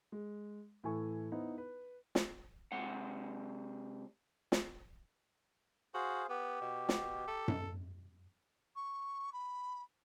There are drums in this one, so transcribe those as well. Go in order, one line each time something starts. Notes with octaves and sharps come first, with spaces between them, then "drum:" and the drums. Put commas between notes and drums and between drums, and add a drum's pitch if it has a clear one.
G#3
A2 E3 A4 G#5 C#6
B3 D#4 E4 C5
B4
drum: snare
C3 G#3 F#5
drum: snare
F#4 G#4 C5 F5
B3 G4
B2
drum: snare
A4
drum: tom F#2
C#6
B5